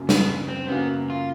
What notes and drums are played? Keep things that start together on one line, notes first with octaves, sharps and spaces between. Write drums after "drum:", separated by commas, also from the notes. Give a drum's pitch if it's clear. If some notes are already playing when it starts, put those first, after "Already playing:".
Already playing: F#2 C#3 F#3 A#3
B3, drum: snare
C4
F#2 C#3 F#3 A#3 B3
F4